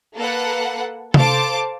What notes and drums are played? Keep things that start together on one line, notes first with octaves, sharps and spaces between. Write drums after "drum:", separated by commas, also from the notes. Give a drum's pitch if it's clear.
A#3 A4 B4 F#5
A4 C5 F5 A5 D6, drum: tom C3